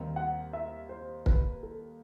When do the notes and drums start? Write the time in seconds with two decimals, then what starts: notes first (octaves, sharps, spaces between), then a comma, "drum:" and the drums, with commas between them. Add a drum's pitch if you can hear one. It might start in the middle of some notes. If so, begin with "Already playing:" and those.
Already playing: D#2 D#3 G3 C4 D#4
0.16 F#5
0.53 E5
0.89 C5
1.26 B4, drum: kick
1.63 A4